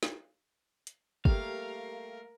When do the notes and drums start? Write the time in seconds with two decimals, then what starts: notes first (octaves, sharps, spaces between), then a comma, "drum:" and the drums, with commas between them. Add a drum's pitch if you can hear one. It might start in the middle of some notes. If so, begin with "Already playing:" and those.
0.03 drum: snare
0.87 drum: hi-hat
1.25 G3 A3 A#3 G4 A#4 F5, drum: kick